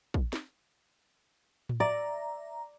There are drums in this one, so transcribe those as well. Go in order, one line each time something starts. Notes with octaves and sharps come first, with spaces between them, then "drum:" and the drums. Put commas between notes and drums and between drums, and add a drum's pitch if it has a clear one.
drum: kick
drum: snare
drum: tom A2
D5 E5 A#5